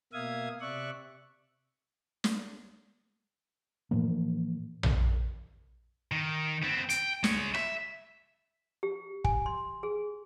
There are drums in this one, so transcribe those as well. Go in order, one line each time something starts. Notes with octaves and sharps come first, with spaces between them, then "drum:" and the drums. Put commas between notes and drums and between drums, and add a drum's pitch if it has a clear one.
B2 A#3 E5 F5 D#6 G#6
C3 D5 E5 C#6 F#6
drum: snare
A2 E3 F3 A#3
drum: tom A#1
D#3
B3 C4
G5, drum: hi-hat
G#3 C#5, drum: snare
E5, drum: rim click
G4
G#5, drum: kick
C6
G#4